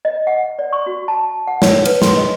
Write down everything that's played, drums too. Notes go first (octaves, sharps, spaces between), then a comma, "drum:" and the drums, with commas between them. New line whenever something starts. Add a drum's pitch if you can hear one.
D#5
F#5
D5
C#6
F#4
A5
F#5
C#5, drum: snare
B4, drum: cymbal
C6, drum: snare
D#5